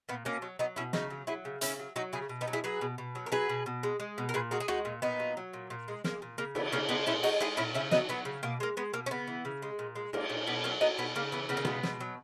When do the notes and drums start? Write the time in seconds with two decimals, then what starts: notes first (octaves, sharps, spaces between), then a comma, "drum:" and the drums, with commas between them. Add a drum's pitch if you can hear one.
0.09 A#2 B3
0.25 B2 A#3 C#4
0.42 F#3
0.59 F#3 B3 D#4
0.76 B2 C#4 E4
0.93 C#3 D#4 F#4, drum: snare
1.10 F#3
1.27 F#3 E4 G#4
1.45 C#3
1.61 C#3 C#4 E4, drum: hi-hat
1.79 F#3
1.96 F#3 D#4 F#4
2.13 C#3 E4 G#4
2.29 B2
2.41 B3 D#4
2.48 F#3
2.53 E4 G#4
2.64 F#3 G#4 B4
2.81 B2
2.98 B2
3.15 F#3
3.26 A#4
3.32 F#3 G#4 B4
3.49 B2
3.66 B2
3.83 G#3
4.00 G#3
4.18 B2
4.29 A#4
4.34 A#2 G#4 B4
4.51 G#3 F#4 A#4
4.60 G#4
4.68 G#3 D#4 F#4, drum: rim click
4.85 A#2
5.02 A#2 B3 D#4
5.20 F#3
5.37 F#3
5.53 A#2
5.70 A#2
5.88 G#3
6.04 G#3 A#3, drum: snare
6.22 A#2
6.38 C#3 A#3
6.55 E3 B3, drum: cymbal
6.72 C#3 A#3 C#4
6.89 G#3 B3 D#4
7.06 A#2 C#4 E4
7.23 G#3 D#4 F#4, drum: cymbal
7.41 G#3 E4 G#4
7.57 A#2 C#4 E4
7.74 C#3 C#4 E4
7.91 F#3 B3 D#4, drum: snare
8.09 F#3 B3
8.25 C#3
8.43 B2 A#3
8.60 G#3 A#3
8.77 G#3 B3
8.94 B2 A#3
9.06 C#4
9.11 C#3 B3
9.27 E3
9.45 C#3
9.62 G#3
9.79 A#2
9.96 G#3
10.13 G#3 A#3, drum: cymbal
10.30 A#2
10.47 B2 B3
10.64 F#3 A#3 C#4
10.81 F#3 B3 D#4
10.98 B2 B3
11.15 C#3 A#3
11.32 E3 B3
11.49 C#3 B3
11.57 A#3
11.65 G#3 B3, drum: tom B2
11.83 B2, drum: snare
12.00 F#3